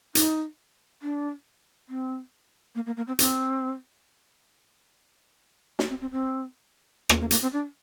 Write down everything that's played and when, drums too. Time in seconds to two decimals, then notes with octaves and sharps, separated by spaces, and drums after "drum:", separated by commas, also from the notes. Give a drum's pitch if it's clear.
0.15 D#4, drum: hi-hat
1.02 D4
1.89 C4
2.75 A#3
2.86 A#3
2.97 A#3
3.07 C4
3.19 C4, drum: hi-hat
5.79 D#4, drum: snare
5.89 C4
6.01 C4
6.12 C4
7.09 A#3, drum: rim click
7.20 A#3
7.31 A#3, drum: hi-hat
7.42 C4
7.53 D4